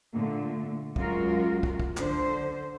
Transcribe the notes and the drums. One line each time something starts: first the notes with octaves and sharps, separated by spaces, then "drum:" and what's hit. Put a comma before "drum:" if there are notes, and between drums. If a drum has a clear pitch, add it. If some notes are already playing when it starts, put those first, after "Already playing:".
A#2 D3 A3
F#2 G#3 F4 F#4 A#4, drum: kick
drum: kick
drum: kick
D3 C5, drum: clap